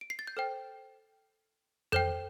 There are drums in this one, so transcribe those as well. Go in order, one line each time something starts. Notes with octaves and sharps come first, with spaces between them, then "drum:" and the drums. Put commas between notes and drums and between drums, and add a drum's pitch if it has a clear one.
D7
C7
A6
G6
A4 C5 G5 F6
A4 C5 G5 G6, drum: tom F2